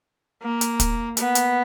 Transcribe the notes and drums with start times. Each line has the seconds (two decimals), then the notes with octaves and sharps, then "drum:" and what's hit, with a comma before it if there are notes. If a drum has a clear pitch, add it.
0.42 A#3
0.61 drum: hi-hat
0.80 drum: kick, hi-hat
1.17 B3, drum: hi-hat
1.35 drum: hi-hat